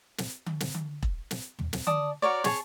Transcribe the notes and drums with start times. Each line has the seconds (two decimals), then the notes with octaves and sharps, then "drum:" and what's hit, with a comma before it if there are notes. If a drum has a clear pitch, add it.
0.18 drum: snare
0.46 drum: tom D3
0.60 drum: snare
0.74 drum: tom D3
1.03 drum: kick E1
1.31 drum: snare
1.59 drum: tom
1.73 drum: snare
1.87 D5 A5 D#6, drum: tom D3
2.22 F#4 A#4 C#5 D5
2.44 G#4 C#5 A5, drum: snare